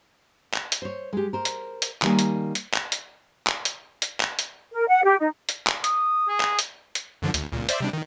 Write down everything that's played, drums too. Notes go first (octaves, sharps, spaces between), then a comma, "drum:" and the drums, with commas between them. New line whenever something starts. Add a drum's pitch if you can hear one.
drum: clap
drum: hi-hat
C5 C#5
G#3 G4
A#4 C5
drum: hi-hat
drum: hi-hat
D#3 G3 A#3 G#5, drum: clap
drum: hi-hat
drum: hi-hat
drum: clap
drum: hi-hat
drum: clap
drum: hi-hat
drum: hi-hat
drum: clap
drum: hi-hat
A#4
F#5
G4
D#4
drum: hi-hat
drum: clap
D#6, drum: hi-hat
G#4
drum: clap
drum: hi-hat
drum: hi-hat
F#2 D3 F3
D2, drum: hi-hat
C#2 A#2
C5 D5 E5, drum: hi-hat
C3 G3 D4
D#3